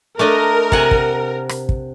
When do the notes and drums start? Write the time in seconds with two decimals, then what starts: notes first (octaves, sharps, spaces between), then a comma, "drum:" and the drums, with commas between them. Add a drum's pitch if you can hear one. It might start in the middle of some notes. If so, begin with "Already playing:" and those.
0.19 A3 D4 A#4 D#5
0.72 C3 F#5 G#5, drum: kick
0.91 drum: kick
1.49 drum: rim click
1.69 drum: kick